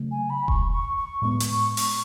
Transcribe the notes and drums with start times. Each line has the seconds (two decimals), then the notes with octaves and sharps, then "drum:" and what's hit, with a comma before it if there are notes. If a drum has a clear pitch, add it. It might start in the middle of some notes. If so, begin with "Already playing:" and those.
Already playing: C#3 F#3 A3
0.11 G#5
0.30 B5
0.48 C#6, drum: kick E1
0.72 C#6
0.97 C#6
1.22 A2 G#3 B3 C#6
1.40 drum: hi-hat
1.77 drum: open hi-hat